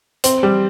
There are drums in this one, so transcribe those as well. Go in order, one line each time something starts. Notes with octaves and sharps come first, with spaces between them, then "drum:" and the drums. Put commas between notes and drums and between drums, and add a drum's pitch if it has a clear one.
C4, drum: hi-hat
G3